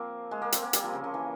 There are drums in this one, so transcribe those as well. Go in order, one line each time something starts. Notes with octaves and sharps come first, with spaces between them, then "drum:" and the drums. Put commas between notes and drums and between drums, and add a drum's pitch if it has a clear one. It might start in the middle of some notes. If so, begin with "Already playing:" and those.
Already playing: F3 A#3 C4
G#3
A#3
C4, drum: hi-hat
A#3
G3, drum: hi-hat
F3
C#3
C#3
E3